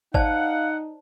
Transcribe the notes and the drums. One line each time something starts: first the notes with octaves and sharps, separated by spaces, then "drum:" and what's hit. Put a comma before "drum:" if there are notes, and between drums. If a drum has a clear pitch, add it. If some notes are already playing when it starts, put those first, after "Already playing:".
D#4 C5 D5 F5 F#5 A5, drum: kick G#1